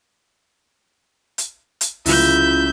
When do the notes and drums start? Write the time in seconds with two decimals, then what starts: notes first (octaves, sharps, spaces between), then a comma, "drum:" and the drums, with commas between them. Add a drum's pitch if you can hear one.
1.38 drum: hi-hat
1.81 drum: hi-hat
2.06 C#2 F#3 A3 E4 F4 E5 G6, drum: open hi-hat